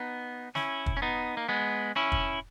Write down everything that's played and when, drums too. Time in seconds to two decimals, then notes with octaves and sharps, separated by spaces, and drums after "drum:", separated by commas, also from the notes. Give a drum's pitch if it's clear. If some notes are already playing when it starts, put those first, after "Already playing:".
Already playing: B3 D#4
0.55 C#4 E4, drum: snare
0.86 drum: kick
0.97 C#4
1.02 B3 D#4
1.37 A#3
1.49 G#3 B3
1.96 C#4 E4
2.12 drum: kick